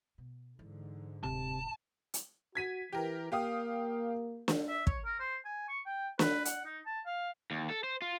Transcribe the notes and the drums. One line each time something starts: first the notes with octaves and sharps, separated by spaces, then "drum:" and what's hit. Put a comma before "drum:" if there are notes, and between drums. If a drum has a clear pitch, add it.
B2
G#2 D3 E3
D1 C3 A5
drum: hi-hat
F#4 G#6 B6 D#7
E3 G4 A#4
A#3 G4 F5 D#6
drum: snare
E5
C#5, drum: kick
A#4
C5
G#5
C#6
G5
B4, drum: snare
F#5, drum: hi-hat
D#4
A5
F5
D#2
A4
C5
F4